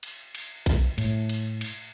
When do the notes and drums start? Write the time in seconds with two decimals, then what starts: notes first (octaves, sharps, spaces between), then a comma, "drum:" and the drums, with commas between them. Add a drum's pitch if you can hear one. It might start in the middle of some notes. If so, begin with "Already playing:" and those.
0.03 drum: cymbal
0.35 drum: cymbal
0.66 drum: kick A#1, cymbal
0.98 A2, drum: cymbal
1.29 drum: cymbal
1.61 drum: cymbal